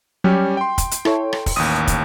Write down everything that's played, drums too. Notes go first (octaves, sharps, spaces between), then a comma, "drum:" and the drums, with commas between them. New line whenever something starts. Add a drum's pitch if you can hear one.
F#3 G3 C#4 G4
G5 C6
drum: kick, hi-hat
drum: hi-hat
E4 A4 C#5, drum: rim click
drum: rim click
drum: kick, open hi-hat
A1 D#2 D#6
drum: kick, hi-hat